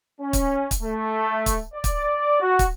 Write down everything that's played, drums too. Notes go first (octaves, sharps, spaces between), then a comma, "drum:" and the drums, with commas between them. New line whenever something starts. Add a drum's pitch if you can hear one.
C#4
drum: kick, hi-hat
drum: kick, hi-hat
A3
drum: kick, hi-hat
D5
drum: kick, hi-hat
F#4
drum: kick, hi-hat